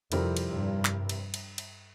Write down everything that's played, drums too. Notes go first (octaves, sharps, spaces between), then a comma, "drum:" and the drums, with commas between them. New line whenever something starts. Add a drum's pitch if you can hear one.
F2 C3 G3 C4 E4 A#4, drum: cymbal
drum: cymbal
G2
drum: clap
drum: cymbal
drum: cymbal
drum: cymbal